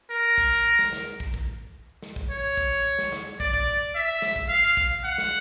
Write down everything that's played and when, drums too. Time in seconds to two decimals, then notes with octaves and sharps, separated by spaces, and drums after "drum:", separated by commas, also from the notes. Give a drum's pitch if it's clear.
0.10 A#4
0.38 drum: kick
0.79 drum: snare
0.93 drum: snare
1.20 drum: kick
1.34 drum: kick
2.02 drum: snare
2.16 drum: kick
2.30 C#5
2.57 drum: kick
2.99 drum: snare
3.12 drum: snare
3.40 D5, drum: kick
3.54 drum: kick
3.95 E5
4.22 drum: snare
4.36 drum: kick
4.49 F5
4.77 drum: kick
5.05 F#5
5.18 drum: snare